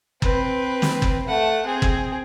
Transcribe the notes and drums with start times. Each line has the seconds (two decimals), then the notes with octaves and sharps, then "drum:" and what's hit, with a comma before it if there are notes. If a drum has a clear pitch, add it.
0.22 C4 B4, drum: kick G1
0.82 drum: snare
1.02 drum: kick G1
1.27 A3 F#5
1.65 C4 G#4
1.82 drum: kick G1